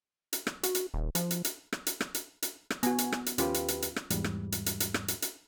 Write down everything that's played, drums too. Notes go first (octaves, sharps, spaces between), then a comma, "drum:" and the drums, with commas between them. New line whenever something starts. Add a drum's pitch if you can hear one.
drum: hi-hat
drum: rim click
F#4, drum: hi-hat
drum: hi-hat
D#1
F3, drum: hi-hat
drum: hi-hat
drum: hi-hat
drum: rim click
drum: hi-hat
drum: rim click
drum: hi-hat
drum: hi-hat
drum: rim click
B3 F#4 G#5, drum: hi-hat
drum: hi-hat
drum: rim click
drum: hi-hat
D#2 C#4 F4 G4 B4, drum: hi-hat
drum: hi-hat
drum: hi-hat
drum: hi-hat
drum: rim click
E2 G#2 G3, drum: hi-hat
drum: rim click
drum: hi-hat
drum: hi-hat
drum: hi-hat
drum: rim click
drum: hi-hat
drum: hi-hat